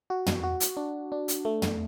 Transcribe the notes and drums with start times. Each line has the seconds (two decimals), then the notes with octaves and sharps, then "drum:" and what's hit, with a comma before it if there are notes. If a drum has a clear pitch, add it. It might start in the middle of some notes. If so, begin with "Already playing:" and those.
0.10 F#4
0.26 drum: tom
0.43 F#4
0.60 drum: hi-hat
0.77 D4
1.12 D4
1.28 drum: hi-hat
1.45 A3
1.62 drum: tom